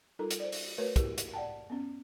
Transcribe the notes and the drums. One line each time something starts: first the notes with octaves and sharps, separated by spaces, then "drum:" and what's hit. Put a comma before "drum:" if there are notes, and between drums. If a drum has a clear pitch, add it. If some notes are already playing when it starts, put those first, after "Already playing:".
G3 D#4 F4 A4 A#4 A#5
drum: hi-hat
C5 D5
drum: open hi-hat
A3 F#4 A#4 B4 C#5
E4 F#4 G4 A#4, drum: kick, hi-hat
drum: hi-hat
D5 F#5 G5 A5
B3 C#4